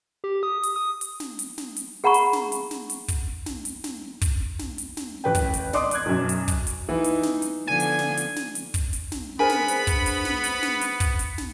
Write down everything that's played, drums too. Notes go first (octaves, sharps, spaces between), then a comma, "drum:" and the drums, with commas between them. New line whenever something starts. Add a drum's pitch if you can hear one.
G4
D#6
drum: hi-hat
D#6
drum: hi-hat
drum: snare
drum: hi-hat
drum: snare
drum: hi-hat
G#4 F#5 A#5 B5 C#6
drum: hi-hat
drum: snare
drum: hi-hat
drum: snare
drum: hi-hat
drum: kick, hi-hat
drum: snare
drum: hi-hat
drum: snare
drum: kick, hi-hat
drum: snare
drum: hi-hat
drum: snare
A1 B4 G5
drum: kick, hi-hat
drum: hi-hat
D5 D#5 C6 D6 D#6, drum: snare
D6 F#6 G#6, drum: hi-hat
B1 F#2
drum: hi-hat
drum: kick, hi-hat
drum: hi-hat
E3 D#4
drum: hi-hat
drum: snare
drum: hi-hat
D3 F3 B3 G#5
drum: hi-hat
drum: snare
drum: hi-hat
drum: snare
drum: hi-hat
drum: kick, hi-hat
drum: hi-hat
drum: snare
B3 D4 G#4 A#4 C5 G#5 B5
drum: snare
drum: hi-hat
drum: kick, hi-hat
drum: hi-hat
drum: snare
drum: hi-hat
drum: snare
drum: hi-hat
drum: kick, hi-hat
drum: hi-hat
drum: snare